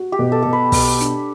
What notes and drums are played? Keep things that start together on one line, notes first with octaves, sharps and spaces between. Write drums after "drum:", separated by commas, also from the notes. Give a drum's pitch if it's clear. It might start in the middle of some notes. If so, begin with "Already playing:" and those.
Already playing: F#4
G4
B2
A4
B2 A4
B4
B2, drum: kick, open hi-hat
D4, drum: hi-hat